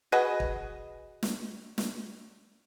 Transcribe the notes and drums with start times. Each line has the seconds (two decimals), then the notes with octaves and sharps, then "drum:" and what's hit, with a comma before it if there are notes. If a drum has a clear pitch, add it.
0.12 F#4 G#4 B4 D#5
0.40 drum: kick
1.23 drum: snare
1.78 drum: snare